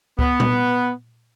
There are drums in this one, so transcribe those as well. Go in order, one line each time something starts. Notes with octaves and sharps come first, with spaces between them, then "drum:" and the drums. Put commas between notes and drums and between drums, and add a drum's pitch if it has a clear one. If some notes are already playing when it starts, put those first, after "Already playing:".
B3, drum: kick C#2
drum: tom A#2